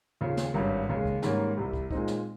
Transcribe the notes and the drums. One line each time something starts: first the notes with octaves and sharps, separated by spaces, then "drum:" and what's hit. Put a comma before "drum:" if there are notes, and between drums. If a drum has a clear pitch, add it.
D#2 C#3 F3
drum: snare
G#1 G2 G3 C#4
D#2 C#3 G#3
drum: kick
G#2 D#3 G3 A#3 C#4, drum: snare
C2 C3 G3
drum: kick
A#2 G#3 C4 D#4, drum: kick
drum: snare